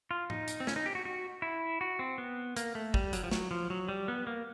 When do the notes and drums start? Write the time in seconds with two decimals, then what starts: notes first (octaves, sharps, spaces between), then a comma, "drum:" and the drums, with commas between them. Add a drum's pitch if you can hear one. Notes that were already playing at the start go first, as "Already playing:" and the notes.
0.11 F4
0.30 D#4, drum: tom A2
0.48 drum: hi-hat
0.60 C4
0.67 C#4, drum: snare
0.76 D#4
0.86 G4
0.95 F#4
1.05 F#4
1.42 E4
1.81 F#4
1.99 C4
2.18 B3
2.57 A#3, drum: hi-hat
2.75 A3
2.94 G3, drum: kick
3.13 F#3, drum: hi-hat
3.24 F3
3.31 F#3, drum: snare
3.51 F3
3.70 F#3
3.89 G3
4.08 B3
4.27 A#3